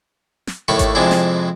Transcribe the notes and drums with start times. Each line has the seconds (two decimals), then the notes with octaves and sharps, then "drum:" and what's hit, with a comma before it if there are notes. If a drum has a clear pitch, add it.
0.47 drum: snare
0.68 D#2 A2 A3 B5 C#6
0.79 drum: kick G#1, hi-hat
0.95 F2 C3 G#3 D4 E4
1.11 drum: snare